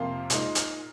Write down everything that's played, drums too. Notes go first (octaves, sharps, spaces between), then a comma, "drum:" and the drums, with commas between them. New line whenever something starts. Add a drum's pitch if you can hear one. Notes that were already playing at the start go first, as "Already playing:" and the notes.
Already playing: F2 C3 F3 A#3 F4 C6
A#2 G#3 D#4, drum: hi-hat
drum: hi-hat